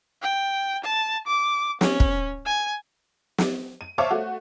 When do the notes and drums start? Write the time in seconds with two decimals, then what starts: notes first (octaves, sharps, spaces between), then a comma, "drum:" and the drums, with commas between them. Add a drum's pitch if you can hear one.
0.22 G5
0.84 A5
1.27 D6
1.81 C#4, drum: snare
2.00 drum: kick
2.46 G#5
3.38 drum: snare
3.81 D#7
3.98 C5 C#5 E5 F5 A5 D6
4.11 A3 F#4